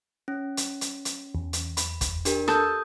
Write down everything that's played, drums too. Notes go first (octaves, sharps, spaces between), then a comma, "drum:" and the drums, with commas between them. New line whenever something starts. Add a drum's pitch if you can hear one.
C#4
drum: hi-hat
drum: hi-hat
drum: hi-hat
E2
drum: hi-hat
B5, drum: hi-hat
drum: kick, hi-hat
D4 G4 A#4, drum: hi-hat
A4 D#6 G6, drum: rim click